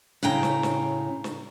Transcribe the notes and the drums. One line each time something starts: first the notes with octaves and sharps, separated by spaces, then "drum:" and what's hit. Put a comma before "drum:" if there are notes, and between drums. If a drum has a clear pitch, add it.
A2 C#3 G5 A#5
drum: snare
drum: snare
drum: snare